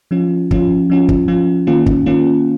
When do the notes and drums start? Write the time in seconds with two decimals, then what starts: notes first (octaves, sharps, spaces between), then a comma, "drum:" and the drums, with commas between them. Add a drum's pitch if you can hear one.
0.11 F3 C#4 F4
0.51 F3 C#4 F4, drum: kick
0.90 F3 C#4 F4
1.09 drum: kick
1.28 F3 C#4 F4
1.67 D#3 A#3 C#4 F4
1.86 drum: kick
2.06 D#3 A#3 C#4 F4